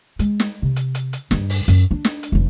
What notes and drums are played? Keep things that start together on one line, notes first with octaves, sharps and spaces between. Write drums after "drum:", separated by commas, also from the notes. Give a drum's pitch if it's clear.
G#3, drum: hi-hat
drum: snare
C3
drum: hi-hat
drum: hi-hat
drum: hi-hat
G2 D4, drum: snare
drum: open hi-hat
F#2, drum: hi-hat
D4
drum: snare
drum: hi-hat
F1 F#2